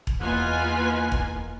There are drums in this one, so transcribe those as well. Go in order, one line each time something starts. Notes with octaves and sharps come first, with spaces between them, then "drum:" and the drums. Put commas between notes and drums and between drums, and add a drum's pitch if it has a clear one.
drum: kick E1
E2 A#3 D#4 F4 B4 F#5 G#5
drum: kick E1